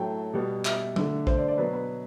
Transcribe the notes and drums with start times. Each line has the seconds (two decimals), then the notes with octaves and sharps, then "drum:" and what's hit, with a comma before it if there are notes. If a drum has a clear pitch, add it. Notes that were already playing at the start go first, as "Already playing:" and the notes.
Already playing: A2 F#3 A3 G5 A5
0.33 B2 G3 B3
0.65 E5, drum: clap
0.96 D3 A3, drum: tom
1.27 C5, drum: kick
1.37 D5
1.48 D5
1.58 B2 F#3 B3 B4
1.73 B4